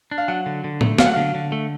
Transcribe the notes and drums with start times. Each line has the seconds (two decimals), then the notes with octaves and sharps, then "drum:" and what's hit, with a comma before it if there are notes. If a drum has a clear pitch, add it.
0.11 D4
0.18 F5
0.28 F#3 F#5
0.46 D3
0.64 D3
0.81 A3, drum: tom A2
0.98 F#3 F5, drum: snare
1.06 F#5
1.13 D3 F5
1.35 D3
1.52 A3